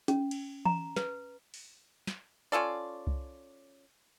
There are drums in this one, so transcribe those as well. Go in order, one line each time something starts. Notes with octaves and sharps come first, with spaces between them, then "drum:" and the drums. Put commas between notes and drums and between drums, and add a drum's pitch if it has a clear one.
C#4, drum: hi-hat
drum: cymbal
A#5, drum: tom E3
B4, drum: snare
drum: open hi-hat
drum: snare
C#4 F4 A4 D5
drum: kick C2